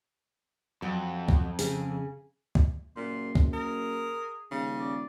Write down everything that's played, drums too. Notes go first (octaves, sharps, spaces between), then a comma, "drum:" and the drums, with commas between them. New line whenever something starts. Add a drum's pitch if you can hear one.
F2 F#3
drum: kick
C#3 G#4, drum: open hi-hat
drum: kick
F#1 A#2 C6
drum: kick
G#4 A#4
D#1 C#3
D5